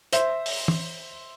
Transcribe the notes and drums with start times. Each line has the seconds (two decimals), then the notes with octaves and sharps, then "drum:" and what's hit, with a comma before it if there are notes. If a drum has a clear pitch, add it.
0.13 C5 E5, drum: hi-hat
0.46 drum: open hi-hat
0.68 drum: tom